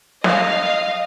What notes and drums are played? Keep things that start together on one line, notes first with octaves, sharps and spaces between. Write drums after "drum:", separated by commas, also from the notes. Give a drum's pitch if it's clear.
D#5 F5, drum: snare